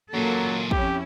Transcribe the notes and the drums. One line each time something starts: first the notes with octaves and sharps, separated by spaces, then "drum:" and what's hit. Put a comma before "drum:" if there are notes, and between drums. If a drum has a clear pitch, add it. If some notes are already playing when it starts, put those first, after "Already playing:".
F#2 A#2 F#3 A#3 A4
F2 C#4 E4 G4, drum: kick